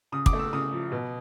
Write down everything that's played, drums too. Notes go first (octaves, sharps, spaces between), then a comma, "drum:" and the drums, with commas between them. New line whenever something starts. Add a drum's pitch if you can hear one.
C#3 D#6
D6, drum: kick
A3
E6
C#3 D#6
F3
B2